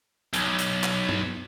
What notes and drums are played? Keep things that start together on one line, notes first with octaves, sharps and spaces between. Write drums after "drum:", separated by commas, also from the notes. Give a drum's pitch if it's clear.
B1, drum: hi-hat
drum: hi-hat
drum: clap
drum: tom G2